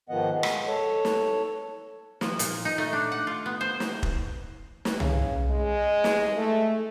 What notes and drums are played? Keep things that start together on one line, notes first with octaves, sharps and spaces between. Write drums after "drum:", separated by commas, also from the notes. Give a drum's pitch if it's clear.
G#2 D#3 F3 B3 D#5 F#5
G#3
drum: rim click
A4 C#5
drum: snare
F3, drum: snare
A#2, drum: hi-hat
D#4
A3
D4
F#5
F4
B3
C5
drum: snare
drum: kick
drum: snare
C#3, drum: tom C2
G#3
drum: snare
A3